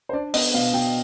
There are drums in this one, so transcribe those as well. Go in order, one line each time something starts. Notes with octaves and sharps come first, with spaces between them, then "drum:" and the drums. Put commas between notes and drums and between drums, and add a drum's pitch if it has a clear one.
C5
D4 D5
B3 D#5, drum: open hi-hat
B2 F5
B2 G5